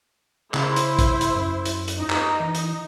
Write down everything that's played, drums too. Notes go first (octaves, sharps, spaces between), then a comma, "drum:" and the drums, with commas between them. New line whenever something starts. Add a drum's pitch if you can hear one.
C#3 E4 C5, drum: clap
drum: hi-hat
drum: kick, hi-hat
drum: hi-hat
F#2
drum: hi-hat
drum: hi-hat
D#4
drum: clap
E3
drum: hi-hat